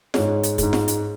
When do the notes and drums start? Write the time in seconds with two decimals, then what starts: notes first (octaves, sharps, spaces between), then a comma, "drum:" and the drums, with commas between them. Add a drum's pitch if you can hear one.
0.14 G#2 G#3 C#5, drum: snare F4
0.43 drum: hi-hat
0.58 G#2 G#3, drum: kick, hi-hat
0.73 drum: snare F4
0.88 drum: hi-hat